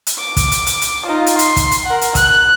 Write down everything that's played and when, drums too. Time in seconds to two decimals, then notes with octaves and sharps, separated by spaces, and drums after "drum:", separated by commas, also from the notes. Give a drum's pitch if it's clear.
0.07 drum: hi-hat
0.18 D6
0.37 drum: kick, hi-hat
0.52 drum: hi-hat
0.67 drum: hi-hat
0.82 drum: hi-hat
1.05 D#4 F4
1.26 drum: hi-hat
1.39 C6, drum: hi-hat
1.56 drum: kick, hi-hat
1.71 drum: hi-hat
1.86 A#4 F#5
2.01 drum: hi-hat
2.15 F#6, drum: kick, hi-hat